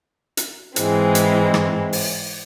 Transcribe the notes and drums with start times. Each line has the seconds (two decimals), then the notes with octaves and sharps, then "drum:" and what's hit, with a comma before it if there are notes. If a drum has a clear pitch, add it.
0.37 drum: hi-hat
0.76 G#2 E3 G#3 C4, drum: hi-hat
1.15 drum: hi-hat
1.54 drum: rim click
1.93 drum: open hi-hat